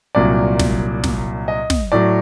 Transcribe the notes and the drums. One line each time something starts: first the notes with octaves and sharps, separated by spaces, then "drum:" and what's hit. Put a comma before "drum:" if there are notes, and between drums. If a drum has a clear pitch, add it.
C2 A#2 F#3 D5
drum: snare
drum: snare
D#5
drum: snare
A2 F#3 D5